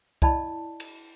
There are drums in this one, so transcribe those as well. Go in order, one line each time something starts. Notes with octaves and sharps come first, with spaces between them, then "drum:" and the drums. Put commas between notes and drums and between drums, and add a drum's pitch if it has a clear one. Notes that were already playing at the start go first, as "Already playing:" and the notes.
E4 D5 D#5 A5 B5, drum: kick C2
drum: cymbal